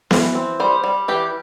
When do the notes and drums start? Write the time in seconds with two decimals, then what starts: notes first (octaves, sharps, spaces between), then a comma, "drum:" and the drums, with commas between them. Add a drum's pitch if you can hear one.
0.11 E3, drum: snare B3
0.35 C4
0.60 G3 C5
0.84 G3
1.08 E3 G4